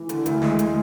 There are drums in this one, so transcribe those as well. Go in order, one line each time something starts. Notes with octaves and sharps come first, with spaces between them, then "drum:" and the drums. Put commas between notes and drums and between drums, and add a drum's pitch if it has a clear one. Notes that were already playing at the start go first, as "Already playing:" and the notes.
Already playing: E3
D3, drum: hi-hat
D2, drum: hi-hat
G#3, drum: snare
drum: hi-hat